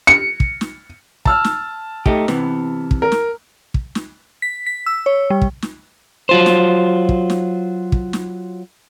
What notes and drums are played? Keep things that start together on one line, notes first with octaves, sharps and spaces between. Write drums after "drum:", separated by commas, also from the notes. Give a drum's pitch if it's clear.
C#7
drum: kick
drum: snare
A5 E6 F6, drum: kick
drum: snare
A3 D#4 G4, drum: kick
C3 E3 B3, drum: snare
drum: kick
A#4
drum: snare
drum: kick
drum: snare
B6
B6
E6
C#5
G3
drum: kick
drum: snare
F#3 F4 C5
drum: snare
drum: kick
drum: snare
drum: kick
drum: snare